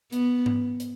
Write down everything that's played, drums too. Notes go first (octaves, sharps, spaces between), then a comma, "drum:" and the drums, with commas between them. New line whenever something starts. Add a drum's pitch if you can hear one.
B3, drum: hi-hat
drum: tom G#2
drum: hi-hat